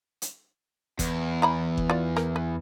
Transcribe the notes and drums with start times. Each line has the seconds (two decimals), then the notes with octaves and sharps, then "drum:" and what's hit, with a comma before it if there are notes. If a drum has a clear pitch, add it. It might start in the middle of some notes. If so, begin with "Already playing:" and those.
0.22 drum: hi-hat
0.99 E2, drum: kick F#1, hi-hat
1.42 E3 A#5 B5
1.78 drum: kick F#1
1.90 F4 D5
2.17 A#4, drum: rim click
2.36 B4